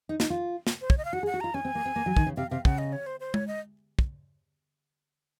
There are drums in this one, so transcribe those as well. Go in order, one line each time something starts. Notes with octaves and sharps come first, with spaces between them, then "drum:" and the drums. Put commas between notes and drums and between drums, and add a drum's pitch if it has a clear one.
D#4
D#4, drum: snare
F4
drum: snare
C5
C#5, drum: kick
D#5
F5
F#4 F#5
G#4
F#5
F#4
F4 A#5
C#4 G#5
C4
A#3
C4
A#3
F#3
D#3, drum: kick
C#3
C3 F5
C3 F5
C#3 F#5, drum: kick
D#5
C#5
C5
C5
C#5, drum: tom G#3
D#5
drum: kick